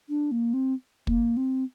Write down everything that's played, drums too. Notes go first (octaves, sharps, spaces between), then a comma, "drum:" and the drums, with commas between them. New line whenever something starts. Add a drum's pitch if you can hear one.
D4
A#3
C4
A#3, drum: kick
C4